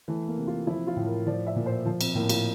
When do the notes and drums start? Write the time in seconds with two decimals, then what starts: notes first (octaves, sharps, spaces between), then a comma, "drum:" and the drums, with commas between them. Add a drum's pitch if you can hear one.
0.08 E3 A3
0.28 A#3
0.37 C3
0.47 F4
0.67 F3 E4
0.87 F4
0.96 A2
1.06 A#4
1.27 F3 D5
1.47 E5
1.56 A#2
1.66 C5
1.86 F3
2.01 C4, drum: cymbal
2.15 A2 A#3
2.29 F4, drum: cymbal